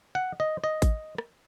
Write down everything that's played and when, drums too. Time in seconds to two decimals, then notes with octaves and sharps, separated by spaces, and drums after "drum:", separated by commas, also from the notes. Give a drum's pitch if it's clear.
0.15 F#5
0.40 D#5
0.64 D#5
0.82 drum: kick A1, hi-hat
1.18 drum: rim click